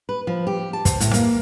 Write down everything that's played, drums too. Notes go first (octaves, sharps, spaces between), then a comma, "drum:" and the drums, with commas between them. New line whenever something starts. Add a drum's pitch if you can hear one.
B4
F3
G4
A5
C5, drum: kick, hi-hat
A2, drum: hi-hat
A#3, drum: hi-hat